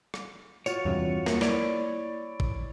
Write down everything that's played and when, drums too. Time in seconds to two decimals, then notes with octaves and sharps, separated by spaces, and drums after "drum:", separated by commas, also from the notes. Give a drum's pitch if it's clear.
0.14 drum: rim click
0.66 F4 F#4 C#5, drum: tambourine
0.85 E2 G2 C3
1.26 A#3, drum: snare
1.41 E4 C#5 D5, drum: snare
2.40 drum: kick